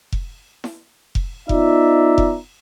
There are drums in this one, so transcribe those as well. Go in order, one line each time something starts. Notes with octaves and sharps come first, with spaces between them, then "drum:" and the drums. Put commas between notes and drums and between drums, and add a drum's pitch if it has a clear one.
drum: kick F1
drum: snare E4
drum: kick F1
B3 D#4 F4 D5 E5 A#5, drum: kick F1
drum: kick F1